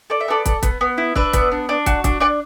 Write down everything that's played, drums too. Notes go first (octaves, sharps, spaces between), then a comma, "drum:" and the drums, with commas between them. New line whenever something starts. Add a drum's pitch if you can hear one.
A4 D5
E5
B3 A4 D5
A4, drum: kick, hi-hat
B3, drum: kick, hi-hat
B3
E4
D4 B4 E5, drum: kick
B3, drum: kick, hi-hat
D4
D4
F#4, drum: kick, hi-hat
D4, drum: kick, hi-hat
D4 D5 F#5